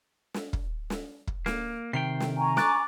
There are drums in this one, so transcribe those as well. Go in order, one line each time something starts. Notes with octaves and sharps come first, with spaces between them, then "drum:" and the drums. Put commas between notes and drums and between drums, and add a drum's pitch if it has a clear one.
drum: snare
drum: kick
drum: snare
drum: kick
A#3, drum: snare
C3 D#3 G5 C7
drum: snare
G#5 A#5 C#6
D6 F#6 A6, drum: snare